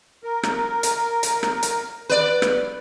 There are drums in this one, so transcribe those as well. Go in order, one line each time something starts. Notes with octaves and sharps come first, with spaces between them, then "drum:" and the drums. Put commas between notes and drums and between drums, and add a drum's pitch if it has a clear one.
A#4
drum: rim click
drum: hi-hat
drum: hi-hat
drum: rim click
drum: hi-hat
B4 D5
drum: rim click